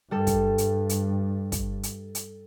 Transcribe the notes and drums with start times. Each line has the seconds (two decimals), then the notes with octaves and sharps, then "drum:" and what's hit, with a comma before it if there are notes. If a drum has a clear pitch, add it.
0.11 G2 G3 A4
0.27 drum: kick, hi-hat
0.58 drum: hi-hat
0.89 drum: hi-hat
1.52 drum: kick, hi-hat
1.83 drum: hi-hat
2.15 drum: hi-hat